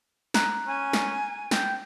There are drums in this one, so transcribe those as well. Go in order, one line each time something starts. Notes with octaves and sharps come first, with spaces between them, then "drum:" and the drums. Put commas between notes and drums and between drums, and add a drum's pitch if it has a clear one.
A#5 F#6, drum: snare
C#4 G#5
drum: snare
G5, drum: snare